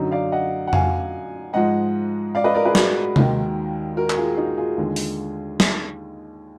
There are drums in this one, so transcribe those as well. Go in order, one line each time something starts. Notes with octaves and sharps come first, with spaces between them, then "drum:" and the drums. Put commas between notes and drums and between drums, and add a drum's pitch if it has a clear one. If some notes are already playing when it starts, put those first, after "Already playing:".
Already playing: F#2 D3 F#3 D#4 F#4
D5 F5
D#5 F#5
F#5
F5 G#5, drum: tom F2
G#2 F3 G#3 D#5 F#5
D5 F5
B4 D#5
A#4 D5
G#4 B4
F#4 A#4, drum: snare
D#2 D#3 G#3, drum: tom C3
F#4 A#4
A#4, drum: clap
F4 G#4
D#4 F#4
F4 G#4
D#2 D3 G#3
drum: open hi-hat
drum: snare